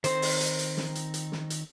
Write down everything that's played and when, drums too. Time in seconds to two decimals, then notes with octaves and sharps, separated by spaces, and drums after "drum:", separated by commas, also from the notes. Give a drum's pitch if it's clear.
0.04 D#3 C4 D#4 C5, drum: hi-hat
0.22 drum: open hi-hat
0.40 drum: hi-hat
0.59 drum: hi-hat
0.77 drum: snare
0.95 drum: hi-hat
1.14 drum: hi-hat
1.32 drum: snare
1.50 drum: hi-hat